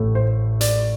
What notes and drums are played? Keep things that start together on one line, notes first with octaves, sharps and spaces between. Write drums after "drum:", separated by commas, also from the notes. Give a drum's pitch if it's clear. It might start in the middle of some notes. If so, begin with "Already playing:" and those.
Already playing: A1 A2 A3
C5
D5, drum: hi-hat